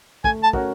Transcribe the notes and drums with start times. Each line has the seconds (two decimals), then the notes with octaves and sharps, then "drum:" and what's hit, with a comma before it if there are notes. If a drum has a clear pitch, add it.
0.24 A3 G#5, drum: kick
0.43 A5
0.53 C#4 F#4 A#4, drum: kick